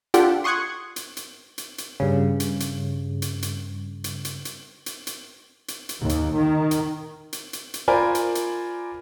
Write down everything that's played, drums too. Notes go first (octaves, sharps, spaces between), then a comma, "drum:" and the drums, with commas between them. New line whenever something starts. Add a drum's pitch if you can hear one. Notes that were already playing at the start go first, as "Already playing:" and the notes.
D4 F4 G4 A4 F#5 D6, drum: hi-hat
C6 C#6 D#6 F#6 G#6 C#7
drum: hi-hat
drum: hi-hat
drum: hi-hat
drum: hi-hat
G2 C#3
drum: hi-hat
drum: hi-hat
drum: hi-hat
drum: hi-hat
drum: hi-hat
drum: hi-hat
drum: hi-hat
drum: hi-hat
drum: hi-hat
drum: hi-hat
drum: hi-hat
D#2
drum: hi-hat
D#3
drum: hi-hat
drum: hi-hat
drum: hi-hat
drum: hi-hat
F4 A#4 C5 D5 G#5 B5
drum: hi-hat
drum: hi-hat